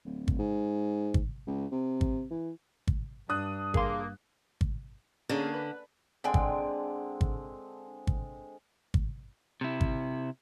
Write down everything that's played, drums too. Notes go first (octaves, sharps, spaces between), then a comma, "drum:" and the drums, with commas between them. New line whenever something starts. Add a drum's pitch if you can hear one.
D1
drum: kick
G#2
drum: kick
C#2
C3
drum: kick
E3
drum: kick
G2 D4 D#6 F#6
A#3 G#4 C6, drum: kick
drum: kick
D3 A#3 C#4 G#4
B4
D3 G#3 C4 D4 G5 G#5
drum: kick
drum: kick
drum: kick
drum: kick
C3 E4
drum: kick